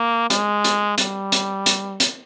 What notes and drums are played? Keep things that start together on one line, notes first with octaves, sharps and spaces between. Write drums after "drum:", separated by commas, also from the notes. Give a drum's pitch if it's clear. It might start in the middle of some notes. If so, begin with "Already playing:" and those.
Already playing: A#3
G#3, drum: hi-hat
drum: hi-hat
G3, drum: hi-hat
drum: hi-hat
drum: hi-hat
drum: hi-hat